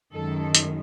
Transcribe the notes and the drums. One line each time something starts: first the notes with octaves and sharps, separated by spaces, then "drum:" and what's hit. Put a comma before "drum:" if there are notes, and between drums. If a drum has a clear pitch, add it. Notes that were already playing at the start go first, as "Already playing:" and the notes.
F#2 D#3 G#3 A4
drum: hi-hat